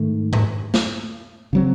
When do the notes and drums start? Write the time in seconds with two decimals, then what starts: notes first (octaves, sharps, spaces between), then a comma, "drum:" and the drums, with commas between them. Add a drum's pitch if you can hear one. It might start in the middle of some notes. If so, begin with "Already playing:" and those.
Already playing: G#2 D#3 A3
0.33 drum: tom G#2
0.74 drum: snare A3
1.53 C#3 F#3 C4